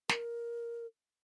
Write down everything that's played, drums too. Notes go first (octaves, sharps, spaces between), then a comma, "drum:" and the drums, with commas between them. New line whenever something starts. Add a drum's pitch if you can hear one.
A#4, drum: snare